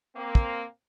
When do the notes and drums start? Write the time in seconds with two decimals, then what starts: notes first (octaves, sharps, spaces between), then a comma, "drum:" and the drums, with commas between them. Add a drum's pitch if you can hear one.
0.16 A#3 C4
0.35 drum: kick